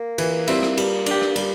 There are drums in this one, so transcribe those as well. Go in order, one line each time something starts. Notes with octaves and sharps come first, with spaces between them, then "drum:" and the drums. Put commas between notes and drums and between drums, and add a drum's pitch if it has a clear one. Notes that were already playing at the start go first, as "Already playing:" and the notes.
Already playing: A#3
E3, drum: cymbal
G3 C4 E4, drum: cymbal
drum: rim click
G3, drum: cymbal
D4 G4, drum: cymbal
drum: rim click
G3, drum: cymbal